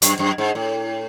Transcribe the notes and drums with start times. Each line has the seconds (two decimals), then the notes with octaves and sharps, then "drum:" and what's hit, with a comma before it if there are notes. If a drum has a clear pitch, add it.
0.02 F#2, drum: hi-hat
0.19 F#2
0.38 G#2
0.55 A2